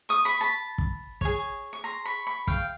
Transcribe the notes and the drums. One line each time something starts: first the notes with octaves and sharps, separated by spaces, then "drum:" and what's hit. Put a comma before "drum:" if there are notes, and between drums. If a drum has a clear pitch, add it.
C#6 D#6
B5 C#6
A5 B5
drum: kick
G#4 C#5, drum: kick
C#6
A#5 C6
B5 C#6
B5 C#6
F5 G5, drum: kick